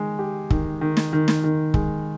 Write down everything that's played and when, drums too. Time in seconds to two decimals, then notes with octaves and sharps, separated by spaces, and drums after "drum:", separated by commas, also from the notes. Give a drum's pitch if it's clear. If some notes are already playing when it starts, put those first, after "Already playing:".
Already playing: D#3 G#3
0.19 G4
0.50 D#3, drum: kick
0.81 D#3
0.97 drum: snare
1.13 D#3
1.28 drum: snare
1.44 D#3
1.74 G#3, drum: kick